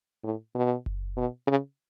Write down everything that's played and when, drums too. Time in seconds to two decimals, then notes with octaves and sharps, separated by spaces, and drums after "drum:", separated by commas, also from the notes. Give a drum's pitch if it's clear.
0.24 A2
0.55 B2
0.86 drum: kick F#1
1.17 B2
1.47 C#3